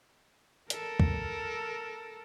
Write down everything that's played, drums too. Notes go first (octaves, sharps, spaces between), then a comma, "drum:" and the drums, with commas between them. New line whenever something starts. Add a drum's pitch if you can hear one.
A4 A#4, drum: hi-hat
drum: kick